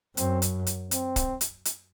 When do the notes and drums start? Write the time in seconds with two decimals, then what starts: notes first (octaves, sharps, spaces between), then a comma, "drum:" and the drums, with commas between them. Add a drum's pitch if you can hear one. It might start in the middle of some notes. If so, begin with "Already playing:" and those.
0.17 F#2 C4, drum: hi-hat
0.42 drum: hi-hat
0.67 drum: hi-hat
0.91 C4, drum: hi-hat
1.16 drum: kick, hi-hat
1.41 drum: hi-hat
1.65 drum: hi-hat